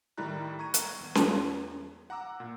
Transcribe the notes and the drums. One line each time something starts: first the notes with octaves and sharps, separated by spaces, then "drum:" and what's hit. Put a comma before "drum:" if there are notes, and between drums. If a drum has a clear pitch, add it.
A2 D#3 G3 E4 A#5 F#6
A#5 C#6 G#6 D#7
drum: hi-hat
E2
drum: snare C#4
F#5 A#5 D6 E6
A#2